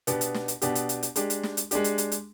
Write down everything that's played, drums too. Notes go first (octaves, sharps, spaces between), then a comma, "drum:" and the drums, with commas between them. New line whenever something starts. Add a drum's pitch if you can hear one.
B2 B3 D4 G4, drum: hi-hat
drum: hi-hat
drum: snare
drum: hi-hat
B2 B3 D4 G4, drum: hi-hat
drum: hi-hat
drum: hi-hat
drum: hi-hat
G#3 D4 G4, drum: hi-hat
drum: hi-hat
drum: snare
drum: hi-hat
G#3 D4 G4, drum: hi-hat
drum: hi-hat
drum: hi-hat
drum: hi-hat